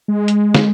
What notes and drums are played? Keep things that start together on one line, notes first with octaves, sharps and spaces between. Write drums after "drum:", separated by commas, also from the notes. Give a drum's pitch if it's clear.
G#3
drum: hi-hat
drum: snare